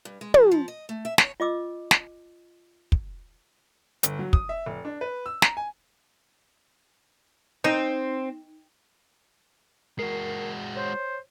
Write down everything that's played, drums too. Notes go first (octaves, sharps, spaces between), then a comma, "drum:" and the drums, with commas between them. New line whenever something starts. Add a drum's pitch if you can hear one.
G2
G#3
F3, drum: tom
F3
D#5
A3
E5
C#5, drum: snare
F4 D#5 D6 E6
drum: snare
drum: kick
G1, drum: hi-hat
F#3
D#6, drum: kick
E5
F1
D4
B4
E6
A#5, drum: snare
G#5
C4 D#4
G#3 F#4 A#4 C7
C5 C#5